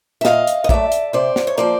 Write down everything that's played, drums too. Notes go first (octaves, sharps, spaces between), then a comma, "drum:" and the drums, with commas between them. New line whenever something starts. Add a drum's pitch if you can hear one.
E5
A#2 D#5 F5, drum: snare
drum: hi-hat
D#5
F#3 A3 D5 E5, drum: kick A#1
drum: hi-hat
C3 C5 D5
drum: snare
C#5
F3 A#3 C5 D5